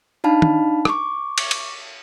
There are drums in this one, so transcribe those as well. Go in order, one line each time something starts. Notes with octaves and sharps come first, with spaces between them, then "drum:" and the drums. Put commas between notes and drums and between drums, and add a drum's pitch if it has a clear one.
D4 D#4 F5 A5 B5
drum: tom
C#6 D6, drum: rim click
drum: cymbal
drum: cymbal